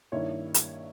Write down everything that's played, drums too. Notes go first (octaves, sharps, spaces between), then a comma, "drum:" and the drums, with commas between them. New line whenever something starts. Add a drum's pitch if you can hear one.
G2 D#3 A#3 E4 C#5
drum: hi-hat